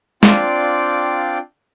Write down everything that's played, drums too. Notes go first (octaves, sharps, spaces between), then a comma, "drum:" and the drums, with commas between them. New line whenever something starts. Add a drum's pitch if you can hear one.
C4 D4 F4 D5 F5 G5, drum: snare